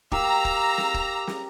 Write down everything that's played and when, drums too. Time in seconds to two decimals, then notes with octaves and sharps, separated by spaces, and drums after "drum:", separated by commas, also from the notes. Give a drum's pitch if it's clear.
0.12 G4 A#4 F5 A#5 E6, drum: kick
0.45 drum: kick
0.78 drum: snare
0.94 drum: kick
1.27 drum: snare